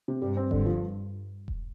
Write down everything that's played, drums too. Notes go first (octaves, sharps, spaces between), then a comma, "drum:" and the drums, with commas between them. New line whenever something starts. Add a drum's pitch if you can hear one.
C3
G2 G3
C4
G2 D3, drum: kick E1
F3
drum: kick E1